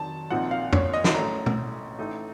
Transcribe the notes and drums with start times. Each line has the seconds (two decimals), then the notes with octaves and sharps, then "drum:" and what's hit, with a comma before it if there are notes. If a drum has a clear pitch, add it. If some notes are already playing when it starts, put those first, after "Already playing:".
Already playing: F2 D#3 F#3 A5
0.30 A#1 A#2 F3 C4 D#4 F#5
0.51 F5
0.73 C#5, drum: tom
0.93 D#5
1.04 drum: snare
1.14 A1 A2 A3 C#4 A#5
1.46 drum: tom
1.99 A1 A2 A3 D#4